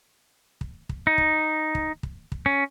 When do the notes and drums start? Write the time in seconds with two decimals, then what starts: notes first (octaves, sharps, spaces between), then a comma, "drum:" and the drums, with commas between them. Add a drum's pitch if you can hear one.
0.61 drum: kick
0.89 drum: kick
1.07 D#4
1.18 drum: kick
1.75 drum: kick
2.03 drum: kick
2.32 drum: kick
2.46 C#4